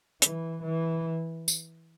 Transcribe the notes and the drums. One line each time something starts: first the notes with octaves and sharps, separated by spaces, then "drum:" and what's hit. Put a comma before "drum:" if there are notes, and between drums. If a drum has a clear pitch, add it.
E3, drum: hi-hat
E3
drum: tambourine